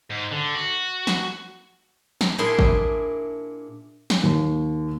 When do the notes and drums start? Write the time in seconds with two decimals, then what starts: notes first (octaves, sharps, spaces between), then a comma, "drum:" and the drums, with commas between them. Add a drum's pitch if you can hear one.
0.10 G#2
0.31 D3
0.55 F#4
1.07 drum: snare
2.21 drum: snare
2.38 A#2 D4 E4 G#4 G#5 C6
2.59 drum: kick G#1
4.10 drum: snare
4.23 D#2